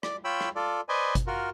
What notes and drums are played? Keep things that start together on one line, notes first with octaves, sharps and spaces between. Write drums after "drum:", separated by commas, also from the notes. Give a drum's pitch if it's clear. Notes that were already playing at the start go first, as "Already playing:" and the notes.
D5, drum: rim click
F4 C#5 G5 B5 E6
drum: rim click
F4 A4 D5
B4 C5 D5 D#5 G#5
drum: kick G1, hi-hat
F4 F#4 A#4